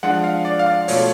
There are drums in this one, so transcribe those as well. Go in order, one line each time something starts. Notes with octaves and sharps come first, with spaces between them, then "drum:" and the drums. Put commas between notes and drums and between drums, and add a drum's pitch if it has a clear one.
F3 G#3 D4 F4 F#5
F5
D5
F5
D5
B2 A3 F4 C#5, drum: open hi-hat